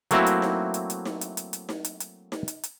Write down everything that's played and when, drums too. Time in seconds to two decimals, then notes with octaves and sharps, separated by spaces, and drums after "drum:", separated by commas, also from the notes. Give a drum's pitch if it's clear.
0.11 F#3 A3 A#3 C4 E4 F#4, drum: hi-hat
0.26 drum: hi-hat
0.42 drum: snare D#4
0.74 drum: hi-hat
0.90 drum: hi-hat
1.05 drum: snare D#4
1.21 drum: hi-hat
1.37 drum: hi-hat
1.53 drum: hi-hat
1.69 drum: snare D#4
1.84 drum: hi-hat
2.00 drum: hi-hat
2.32 drum: snare D#4
2.48 drum: hi-hat
2.63 drum: hi-hat